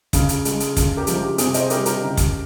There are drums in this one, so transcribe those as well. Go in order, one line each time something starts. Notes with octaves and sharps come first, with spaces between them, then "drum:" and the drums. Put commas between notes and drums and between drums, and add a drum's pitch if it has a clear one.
C#3, drum: kick, hi-hat
drum: hi-hat
G#3, drum: hi-hat
drum: hi-hat
C#3, drum: kick, hi-hat
G4 A#4
F3 G#3, drum: hi-hat
G4
C3 G#4, drum: hi-hat
C5 D#5, drum: hi-hat
G3 G4 A#4, drum: hi-hat
G4 A#4, drum: hi-hat
C#3
drum: kick, hi-hat